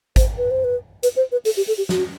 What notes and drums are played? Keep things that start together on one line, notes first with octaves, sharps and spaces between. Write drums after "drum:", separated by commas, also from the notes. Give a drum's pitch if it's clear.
C5, drum: kick G#1, hi-hat
B4
C5
B4
B4, drum: hi-hat
C5
B4
A4, drum: open hi-hat
G4
A4
G4
F#4, drum: snare